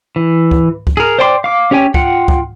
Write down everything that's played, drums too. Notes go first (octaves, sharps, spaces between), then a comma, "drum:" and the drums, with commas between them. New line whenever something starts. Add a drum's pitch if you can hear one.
E3
drum: kick C#2
drum: kick C#2
G#4 A#4
C5 D5 G5 C6 D6
F5 D6
C#4 G4 C#5 G5 G#5
F4 F#5 G5, drum: kick C#2
drum: kick C#2